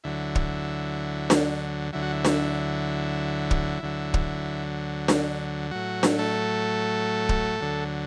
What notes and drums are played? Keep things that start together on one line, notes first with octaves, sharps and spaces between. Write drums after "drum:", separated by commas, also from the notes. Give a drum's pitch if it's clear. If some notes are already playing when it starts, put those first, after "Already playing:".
D2 D3 F#3 E4
drum: kick
drum: snare D4
D2 D3 F#3 E4
F#4
E4
drum: snare D4
drum: kick
D2 D3 F#3
drum: kick
drum: snare D4
A2 F#3 F#4
drum: snare D4
A3 A4
drum: kick
D2 D3 F#3